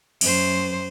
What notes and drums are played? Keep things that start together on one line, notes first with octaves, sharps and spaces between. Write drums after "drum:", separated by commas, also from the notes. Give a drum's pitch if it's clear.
F#2 C5, drum: cymbal